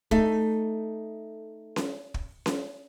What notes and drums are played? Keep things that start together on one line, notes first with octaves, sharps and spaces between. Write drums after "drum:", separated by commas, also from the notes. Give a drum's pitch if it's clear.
A3 D#4, drum: kick
drum: snare C#4
drum: kick
drum: snare C#4